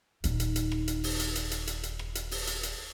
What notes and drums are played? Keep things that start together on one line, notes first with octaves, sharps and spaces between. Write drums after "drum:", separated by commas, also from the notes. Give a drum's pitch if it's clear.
D#1 D#4, drum: hi-hat
drum: hi-hat
drum: hi-hat
drum: rim click
drum: hi-hat
drum: open hi-hat
drum: hi-hat
drum: hi-hat
drum: hi-hat
drum: hi-hat
drum: hi-hat
drum: rim click
drum: hi-hat
drum: open hi-hat
drum: hi-hat
drum: hi-hat